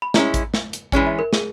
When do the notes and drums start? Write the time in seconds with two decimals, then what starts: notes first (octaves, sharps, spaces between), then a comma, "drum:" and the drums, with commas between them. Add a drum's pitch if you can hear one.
0.02 B5
0.14 G#3 C#4 E4 A#5, drum: snare
0.34 drum: kick A1, hi-hat
0.54 drum: snare
0.73 drum: hi-hat
0.92 E3 G#3 C#4 G#5, drum: kick A1
1.07 E5
1.19 A#4
1.33 G#4, drum: snare